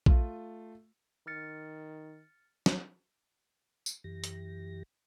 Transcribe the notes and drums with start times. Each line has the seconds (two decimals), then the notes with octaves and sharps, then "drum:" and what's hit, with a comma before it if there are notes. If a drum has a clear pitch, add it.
0.06 A3 F4, drum: kick
1.27 D#3 F6 A6 C#7
2.66 drum: snare
3.86 drum: tambourine
4.04 F#2 E3 G4 A#6
4.24 drum: hi-hat